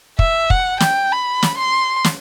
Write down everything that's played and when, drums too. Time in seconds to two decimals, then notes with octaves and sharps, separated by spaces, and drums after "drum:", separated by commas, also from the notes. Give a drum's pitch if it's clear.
0.19 E5, drum: kick
0.50 F#5, drum: kick
0.80 G5, drum: snare
1.12 B5
1.43 drum: snare
1.58 C6
2.04 drum: snare